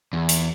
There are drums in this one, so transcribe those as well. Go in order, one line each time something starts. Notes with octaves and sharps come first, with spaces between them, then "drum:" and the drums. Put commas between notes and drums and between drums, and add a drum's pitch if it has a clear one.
E2
drum: hi-hat